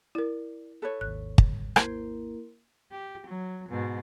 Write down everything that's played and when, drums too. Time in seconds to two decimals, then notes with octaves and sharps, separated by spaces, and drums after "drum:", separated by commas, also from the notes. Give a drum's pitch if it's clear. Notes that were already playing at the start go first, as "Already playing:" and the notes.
0.15 E4 A#4 D5
0.82 A4 B4 C#5
1.01 G#1 D#2 F#6
1.38 drum: kick
1.76 A#3 E4 A#4 C5 G#6, drum: rim click
2.91 G4
3.27 F#3
3.69 G#2 B2